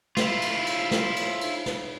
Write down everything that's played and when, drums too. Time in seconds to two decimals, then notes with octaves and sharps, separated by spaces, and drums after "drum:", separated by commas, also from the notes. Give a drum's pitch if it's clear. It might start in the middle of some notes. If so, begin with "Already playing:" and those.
0.17 E4 F4, drum: snare
0.42 drum: cymbal
0.67 drum: cymbal
0.91 drum: snare
1.16 drum: cymbal
1.41 drum: cymbal
1.66 drum: snare